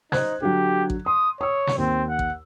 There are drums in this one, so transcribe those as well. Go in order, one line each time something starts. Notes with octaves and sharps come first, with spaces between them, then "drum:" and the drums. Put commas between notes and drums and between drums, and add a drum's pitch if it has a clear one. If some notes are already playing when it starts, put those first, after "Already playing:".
D#4 C5 F#6 G#6, drum: snare
D3 F#3 G4
drum: kick A1
C6 D#6
C#5 D#6 E6
drum: snare
D#2 C4
F#5
drum: kick A1